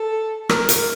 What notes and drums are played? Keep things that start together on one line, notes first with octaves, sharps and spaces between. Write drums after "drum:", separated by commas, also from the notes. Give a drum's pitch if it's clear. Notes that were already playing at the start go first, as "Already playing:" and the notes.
Already playing: A4
A#4, drum: rim click
A#4, drum: hi-hat